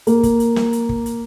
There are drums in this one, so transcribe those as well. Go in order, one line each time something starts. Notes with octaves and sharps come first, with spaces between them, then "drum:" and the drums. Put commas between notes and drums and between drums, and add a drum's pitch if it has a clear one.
A#3, drum: hi-hat
drum: kick, hi-hat
drum: hi-hat
drum: snare
drum: hi-hat
drum: kick
drum: hi-hat